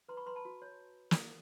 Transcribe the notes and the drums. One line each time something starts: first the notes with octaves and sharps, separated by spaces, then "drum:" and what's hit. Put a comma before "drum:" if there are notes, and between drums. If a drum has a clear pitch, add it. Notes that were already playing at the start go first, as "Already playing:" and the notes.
B4 A#5 C6
B5 C#6
B4 A#5 C6
A5 B5
F#4
C#5
drum: snare